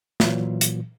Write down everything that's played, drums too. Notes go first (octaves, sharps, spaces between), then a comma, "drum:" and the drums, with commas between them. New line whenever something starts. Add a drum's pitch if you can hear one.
A#2 E3 F#3, drum: snare
drum: hi-hat